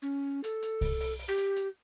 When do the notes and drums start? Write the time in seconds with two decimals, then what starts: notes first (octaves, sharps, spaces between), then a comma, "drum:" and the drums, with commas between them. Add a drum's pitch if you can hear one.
0.02 C#4
0.44 A4, drum: hi-hat
0.62 drum: hi-hat
0.81 drum: kick C2, open hi-hat
1.00 drum: open hi-hat
1.19 drum: open hi-hat
1.28 G4
1.38 drum: hi-hat
1.56 drum: hi-hat